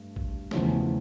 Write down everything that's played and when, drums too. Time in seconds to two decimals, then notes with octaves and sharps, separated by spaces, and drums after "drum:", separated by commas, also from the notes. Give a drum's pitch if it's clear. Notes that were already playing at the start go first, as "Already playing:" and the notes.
Already playing: G2 A3
0.16 drum: kick A1
0.51 E2 C#3 F3 A3 C#4, drum: snare